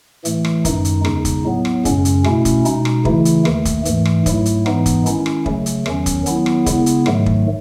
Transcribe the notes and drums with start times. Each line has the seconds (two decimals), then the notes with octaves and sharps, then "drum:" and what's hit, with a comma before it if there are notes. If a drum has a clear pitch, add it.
0.25 A2 E3 A3, drum: hi-hat
0.45 drum: rim click
0.65 F#2 D#3 G#3 D#4, drum: kick, hi-hat
0.85 drum: hi-hat
1.05 E2 C#3 G#3 D#4, drum: rim click
1.25 drum: kick, hi-hat
1.45 A2 F#3 B3
1.65 drum: rim click
1.85 F#2 C#3 G#3 C#4, drum: kick, hi-hat
2.05 drum: hi-hat
2.24 B2 A3 C#4 E4, drum: rim click
2.45 drum: kick, hi-hat
2.65 B2 G#3 D#4, drum: hi-hat
2.85 drum: rim click
3.05 C#3 E3 A3 E4, drum: kick
3.25 drum: hi-hat
3.45 D#2 D#3 A3, drum: rim click
3.65 drum: kick, hi-hat
3.85 G#2 E3 A3, drum: hi-hat
4.05 drum: rim click
4.26 G#2 F#3 A3 E4, drum: kick, hi-hat
4.46 drum: hi-hat
4.66 G#2 E3 G#3 B3 D#4, drum: rim click
4.86 drum: kick, hi-hat
5.06 D#3 G#3 C#4 E4, drum: hi-hat
5.26 drum: rim click
5.46 C#3 F#3 A3, drum: kick
5.66 drum: hi-hat
5.86 E2 D#3 F#3 C#4, drum: rim click
6.06 drum: kick, hi-hat
6.26 D#3 F#3 B3 E4, drum: hi-hat
6.46 drum: rim click
6.66 C#3 G#3 B3 E4, drum: kick, hi-hat
6.86 drum: hi-hat
7.06 G#2 D#3 F#3 A3, drum: rim click
7.26 drum: kick